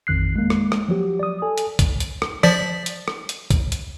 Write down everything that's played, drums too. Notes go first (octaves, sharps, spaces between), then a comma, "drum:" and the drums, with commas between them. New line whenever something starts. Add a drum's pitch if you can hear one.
A1 F2 D#3 F#6 C7
G#3 A#3
drum: rim click
drum: rim click
F3 F#3 G4
D5 D#6
A4 G#5
drum: hi-hat
drum: kick C2, hi-hat
drum: hi-hat
drum: rim click
F3 D5 B6, drum: rim click
drum: hi-hat
drum: rim click
drum: hi-hat
drum: kick C2, hi-hat
drum: hi-hat